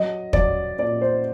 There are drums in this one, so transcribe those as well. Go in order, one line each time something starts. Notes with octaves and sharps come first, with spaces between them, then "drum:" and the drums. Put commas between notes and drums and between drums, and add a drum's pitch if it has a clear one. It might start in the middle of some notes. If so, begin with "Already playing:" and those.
Already playing: F#3 D#5
F#3 D5, drum: kick
A#2 D5
C5